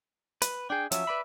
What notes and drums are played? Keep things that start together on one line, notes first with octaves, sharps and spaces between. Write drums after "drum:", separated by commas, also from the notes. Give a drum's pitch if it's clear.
B4, drum: hi-hat
D4 G#4 G5
F3 F#3 C#4 E5, drum: hi-hat
B4 D5 B5